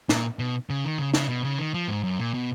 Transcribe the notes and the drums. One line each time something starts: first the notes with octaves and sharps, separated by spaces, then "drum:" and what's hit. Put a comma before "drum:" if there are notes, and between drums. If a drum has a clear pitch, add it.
A#2, drum: snare
B2
C#3
D#3
C#3
C#3, drum: snare
B2
C#3
D#3
F3
G#2
F#2
A#2
B2